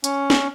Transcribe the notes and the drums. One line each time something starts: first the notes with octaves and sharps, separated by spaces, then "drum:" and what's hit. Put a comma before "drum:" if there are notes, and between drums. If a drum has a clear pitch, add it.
C#4, drum: hi-hat
drum: snare